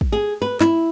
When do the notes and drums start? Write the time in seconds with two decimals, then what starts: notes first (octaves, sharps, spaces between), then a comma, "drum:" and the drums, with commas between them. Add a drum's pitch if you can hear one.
0.01 drum: kick
0.12 G#4
0.42 B4
0.61 E4, drum: clap